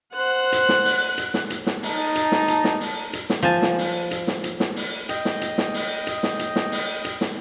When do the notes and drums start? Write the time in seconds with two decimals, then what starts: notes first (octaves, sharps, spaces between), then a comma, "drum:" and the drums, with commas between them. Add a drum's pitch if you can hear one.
0.15 C5 F#5 F#6
0.52 drum: hi-hat
0.69 drum: snare
0.85 drum: open hi-hat
1.18 drum: hi-hat
1.34 drum: snare
1.50 drum: hi-hat
1.67 drum: snare
1.83 D#4 A5, drum: open hi-hat
2.15 drum: hi-hat
2.32 drum: snare
2.48 drum: hi-hat
2.64 drum: snare
2.81 drum: open hi-hat
3.13 drum: hi-hat
3.30 drum: snare
3.43 F3 G#5 A5
3.62 drum: snare
3.79 drum: open hi-hat
4.11 drum: hi-hat
4.27 drum: snare
4.44 drum: hi-hat
4.60 drum: snare
4.76 drum: open hi-hat
5.09 D#5 G5, drum: hi-hat
5.25 drum: snare
5.42 drum: hi-hat
5.58 drum: snare
5.74 drum: open hi-hat
6.07 drum: hi-hat
6.23 drum: snare
6.39 drum: hi-hat
6.56 drum: snare
6.72 drum: open hi-hat
7.05 drum: hi-hat
7.21 drum: snare